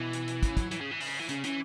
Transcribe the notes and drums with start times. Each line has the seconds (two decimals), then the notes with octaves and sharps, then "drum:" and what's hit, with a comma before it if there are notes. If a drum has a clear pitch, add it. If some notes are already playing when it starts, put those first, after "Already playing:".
Already playing: B2 E3
0.13 drum: hi-hat
0.28 drum: hi-hat
0.43 C#3, drum: kick, hi-hat
0.57 F#3, drum: kick, hi-hat
0.71 E3, drum: hi-hat
0.81 C#3
0.91 E3
1.01 C#3, drum: open hi-hat
1.19 E3
1.29 C#3 C#4, drum: hi-hat
1.44 E3 C#4, drum: hi-hat